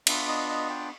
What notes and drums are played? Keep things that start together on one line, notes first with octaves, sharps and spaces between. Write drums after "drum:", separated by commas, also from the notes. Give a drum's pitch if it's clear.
B3 D4 F4 E5, drum: cymbal
D#5
D#5
G5